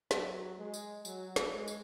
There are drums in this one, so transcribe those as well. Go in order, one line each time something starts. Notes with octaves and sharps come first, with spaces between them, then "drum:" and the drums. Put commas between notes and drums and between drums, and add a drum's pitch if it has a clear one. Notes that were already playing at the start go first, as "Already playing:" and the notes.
F#3, drum: snare
G#3
drum: tambourine
F#3, drum: tambourine
drum: snare
G#3
drum: tambourine